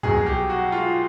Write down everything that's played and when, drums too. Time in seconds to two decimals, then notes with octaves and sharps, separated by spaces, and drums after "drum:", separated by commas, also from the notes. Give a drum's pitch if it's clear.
0.03 C2 B2 F#3 G#4, drum: tom
0.26 G4
0.50 F#4
0.72 F4